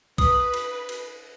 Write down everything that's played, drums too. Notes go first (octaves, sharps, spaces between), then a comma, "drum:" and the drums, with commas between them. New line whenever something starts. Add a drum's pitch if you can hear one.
B4 D#6, drum: kick, cymbal
drum: cymbal
drum: cymbal